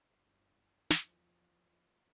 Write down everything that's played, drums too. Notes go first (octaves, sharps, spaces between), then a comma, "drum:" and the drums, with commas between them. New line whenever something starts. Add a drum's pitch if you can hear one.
G1
E2 F3, drum: snare